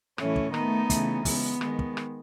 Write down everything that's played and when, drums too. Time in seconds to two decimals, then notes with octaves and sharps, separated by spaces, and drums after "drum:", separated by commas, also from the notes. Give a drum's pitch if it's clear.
0.18 A2 E3 A3 C#4, drum: rim click
0.36 drum: kick
0.54 D#3 A3 B3 D#4, drum: rim click
0.90 C#3 E3 A3, drum: kick, hi-hat
1.25 C#3 G#3 B3, drum: kick, open hi-hat
1.61 D#3 G#3, drum: rim click
1.79 drum: kick
1.97 drum: rim click